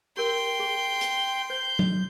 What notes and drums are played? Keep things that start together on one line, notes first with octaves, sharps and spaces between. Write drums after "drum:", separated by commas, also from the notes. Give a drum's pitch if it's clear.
G4 A#4 G5 C6
G#4
drum: hi-hat
C5 G6
drum: tom